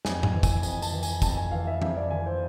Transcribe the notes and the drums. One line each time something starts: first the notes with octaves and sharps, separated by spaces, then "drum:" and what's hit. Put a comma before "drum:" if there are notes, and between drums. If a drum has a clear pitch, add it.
F2 G#5, drum: snare
G#5, drum: tom G#2
E3
G#5, drum: kick, tambourine
F2 G#5, drum: tambourine
A5, drum: tambourine
E3
G#5, drum: tambourine
F2 A5, drum: kick, tambourine
G#5
E3 F5
E5
F2 E5, drum: tom
D5
E3 G#5
C5